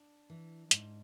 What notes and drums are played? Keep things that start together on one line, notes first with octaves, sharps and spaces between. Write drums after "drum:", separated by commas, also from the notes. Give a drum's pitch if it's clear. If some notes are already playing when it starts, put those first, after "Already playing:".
Already playing: D4
E3
G#2, drum: hi-hat